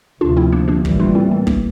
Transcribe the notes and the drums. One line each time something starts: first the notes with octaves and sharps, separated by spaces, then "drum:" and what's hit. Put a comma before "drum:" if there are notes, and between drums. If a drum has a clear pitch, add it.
D2 C3 F3 D4 F4
C4 E4
A#3 D4
A#3 D4
A2 E3 G3 A#3, drum: kick
D4 F4
C4 E4
A3 C4
A#3 D4, drum: kick